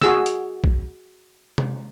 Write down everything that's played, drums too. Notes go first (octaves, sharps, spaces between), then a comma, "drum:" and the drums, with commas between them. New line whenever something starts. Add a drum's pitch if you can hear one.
F#4 G#4 E6, drum: snare
drum: hi-hat
drum: kick
drum: tom C3